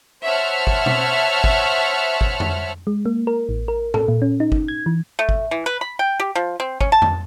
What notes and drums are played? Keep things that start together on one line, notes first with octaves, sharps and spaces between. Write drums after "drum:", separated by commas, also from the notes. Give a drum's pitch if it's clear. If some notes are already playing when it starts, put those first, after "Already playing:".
C5 C#5 E5 F#5 A5 F6
drum: kick G1
drum: tom B2
drum: kick G1
drum: kick G1
drum: tom F2
G#3
A#3
A#4
A1
A#4
A4, drum: tom A2
A#2
C#4
D#4
drum: kick G1
G#6
E3
A3
drum: kick G1
E3
B4
B5
G5
G4
F3
C4
C#4, drum: kick G1
A5
drum: tom F2